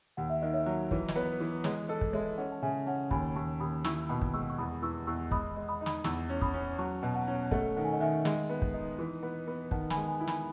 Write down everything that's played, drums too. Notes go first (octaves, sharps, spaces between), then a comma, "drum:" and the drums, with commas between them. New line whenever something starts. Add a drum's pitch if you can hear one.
D#2 F#5
E5
D#3 D#5
C#5 E5
F#3
E3 C#5, drum: kick
D#5, drum: snare
B3 C#5
E3 B4
G#3 C#5, drum: snare
A4 B4 D#5
drum: kick
G#3 C#5 E5
C#4 D#5 F#5
A5
C#3 E5 G#5
C#4 F#5 A5
D#2 G#5 B5, drum: kick
D#2 A5 C#6
D#2 B5 D#6
E4 C#6 E6, drum: snare
B2 B5 D#6
drum: kick
G#3 C#6 E6
C#6
E2 B5 D#6
E3 C#6 E6
E2 C#6 E6
G#3 B5 D#6, drum: kick
G#3
B5 D#6
D#4
B5 D#6, drum: snare
E2 C#6 E6, drum: snare
C#4
B5 D#6, drum: kick
C#4
F#3 A5 C#6
B2
F#5 A5
C#4
A3 D#5 F#5, drum: kick
D#3 F#5
G#5
D#5 F#5
D#3 E5 G#5
G#3, drum: snare
B3
drum: kick
D#4
E3
B3
B3
D#3 F#5 A5, drum: kick
G#5 B5, drum: snare
G#3
G#5 B5
E4
G#5 B5, drum: snare